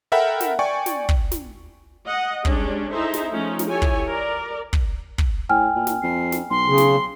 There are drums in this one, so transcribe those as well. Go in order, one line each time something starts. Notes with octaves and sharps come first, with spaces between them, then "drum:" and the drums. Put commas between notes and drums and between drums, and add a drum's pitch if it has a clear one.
A4 A#4 E5 F#5 G5 B5
drum: snare
D5 G5 G#5 C#6
drum: snare
drum: kick
drum: snare
D#5 F#5
G3 G#3 C#4 D4, drum: kick
D#4 E4 G#4 A4 C5 E5
drum: snare
F3 A3 C#4 D#4
drum: snare
E4 G4 A4 C#5 G#5
drum: kick
A#4 D5
drum: kick
drum: kick
A2 G5 G#5 F6
A#2
drum: snare
F2 C7
drum: snare
B1 C6
C#3
drum: snare